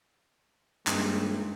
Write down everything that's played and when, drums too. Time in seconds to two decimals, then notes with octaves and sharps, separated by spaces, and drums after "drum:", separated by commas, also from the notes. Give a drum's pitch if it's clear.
0.87 D#1 G2 G#3, drum: clap